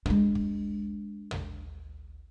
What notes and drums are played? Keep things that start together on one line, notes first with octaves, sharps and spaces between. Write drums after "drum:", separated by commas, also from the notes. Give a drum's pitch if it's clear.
G#3 D4, drum: tom
drum: kick
drum: tom